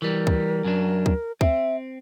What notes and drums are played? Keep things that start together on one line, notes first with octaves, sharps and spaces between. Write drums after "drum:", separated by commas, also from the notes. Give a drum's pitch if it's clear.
E3 G3 A#4
drum: kick
F#2 F#3 D4
drum: kick
C4 E5, drum: kick